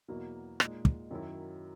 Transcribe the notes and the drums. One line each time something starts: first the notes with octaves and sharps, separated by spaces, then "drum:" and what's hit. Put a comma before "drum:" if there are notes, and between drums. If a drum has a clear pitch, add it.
E2 B2 F#3 A#3 E4
A#2 G#3 D#4, drum: rim click
drum: kick
F#2 D#3 F#3 C#4 E4